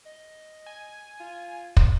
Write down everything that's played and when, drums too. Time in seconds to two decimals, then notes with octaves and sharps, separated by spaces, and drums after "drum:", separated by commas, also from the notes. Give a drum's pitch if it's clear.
0.06 D#5
0.66 G#5
1.20 F4
1.77 drum: kick